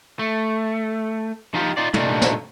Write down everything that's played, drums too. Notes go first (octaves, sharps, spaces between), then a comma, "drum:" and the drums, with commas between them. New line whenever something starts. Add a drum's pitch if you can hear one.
A3
F3 D#4 F4 G4
D#4 F4 D5
A#2 G3 A3 A#3 D4 D#4, drum: tom
drum: snare